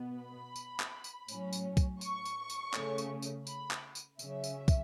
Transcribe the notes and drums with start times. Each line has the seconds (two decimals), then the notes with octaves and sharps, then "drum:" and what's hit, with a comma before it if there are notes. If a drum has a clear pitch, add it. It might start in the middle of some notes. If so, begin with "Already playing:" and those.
Already playing: B2 B3
0.20 B5
0.56 drum: tambourine
0.80 drum: clap
1.04 drum: tambourine
1.28 A2 F#3 C#4, drum: tambourine
1.53 drum: tambourine
1.77 drum: kick, tambourine
2.01 C#6, drum: tambourine
2.25 drum: tambourine
2.50 drum: tambourine
2.74 C#3 A3 C#4, drum: clap
2.98 drum: tambourine
3.22 drum: tambourine
3.47 B5, drum: tambourine
3.71 drum: clap
3.95 drum: tambourine
4.19 C#3 F#3 C#4 E5, drum: tambourine
4.44 drum: tambourine
4.68 drum: kick, tambourine